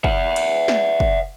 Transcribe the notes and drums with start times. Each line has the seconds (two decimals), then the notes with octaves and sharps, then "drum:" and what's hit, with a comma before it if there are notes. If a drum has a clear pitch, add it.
0.04 E5 F#5, drum: kick
0.36 drum: cymbal
0.68 drum: snare
1.00 drum: kick